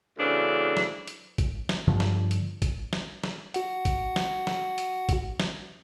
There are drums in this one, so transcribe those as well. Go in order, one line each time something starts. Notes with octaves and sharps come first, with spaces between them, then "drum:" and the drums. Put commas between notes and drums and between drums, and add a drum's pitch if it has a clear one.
D2 C#3 E3 C4 D4
drum: snare
drum: hi-hat
drum: kick A1, hi-hat
drum: snare
G2 D3 F3
drum: snare
drum: hi-hat
drum: kick A1, hi-hat
drum: snare
drum: snare
F#4 F#5, drum: hi-hat
drum: kick A1, hi-hat
drum: snare
drum: snare
drum: hi-hat
drum: kick A1, hi-hat
drum: snare